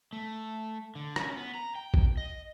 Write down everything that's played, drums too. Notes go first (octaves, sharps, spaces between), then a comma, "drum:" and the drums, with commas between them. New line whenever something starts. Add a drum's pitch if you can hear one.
A3
D3
C#4, drum: rim click
B3
A#5
G5
drum: kick
D#5